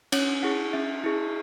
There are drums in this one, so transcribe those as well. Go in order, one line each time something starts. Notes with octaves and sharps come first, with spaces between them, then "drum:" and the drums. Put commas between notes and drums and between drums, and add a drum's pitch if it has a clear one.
C#4 C#5, drum: cymbal
E4 G#4 F#5
C#4 E5
E4 G#4